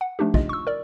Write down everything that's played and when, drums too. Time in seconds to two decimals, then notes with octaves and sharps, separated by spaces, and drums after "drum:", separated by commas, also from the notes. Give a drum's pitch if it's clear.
0.01 F#5
0.19 F3 A3 D4 D#4 G4
0.34 F4 D#5, drum: kick
0.49 C#6 E6
0.67 A#4 D5